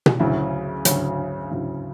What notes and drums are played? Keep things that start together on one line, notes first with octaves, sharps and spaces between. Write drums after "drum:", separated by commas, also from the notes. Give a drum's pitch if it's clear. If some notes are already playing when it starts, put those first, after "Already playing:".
drum: tom B2
D2 C#3 F#3 E4
D2 C#3 F#3, drum: hi-hat
D2 C#3 F#3 E4